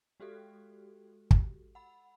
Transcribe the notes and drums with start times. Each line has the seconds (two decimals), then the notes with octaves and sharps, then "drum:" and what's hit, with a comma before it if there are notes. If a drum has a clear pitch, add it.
0.20 G#3 F#4 G4 A4
1.31 drum: kick
1.75 F#5 B5